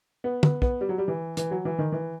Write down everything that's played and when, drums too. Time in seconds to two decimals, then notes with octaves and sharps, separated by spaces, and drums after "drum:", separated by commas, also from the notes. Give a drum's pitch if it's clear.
0.24 B3
0.43 B3, drum: tom
0.62 B3, drum: kick
0.81 G3
0.89 F#3
0.98 G3
1.08 E3
1.37 E3, drum: hi-hat
1.51 F#3
1.65 E3
1.79 D#3
1.92 E3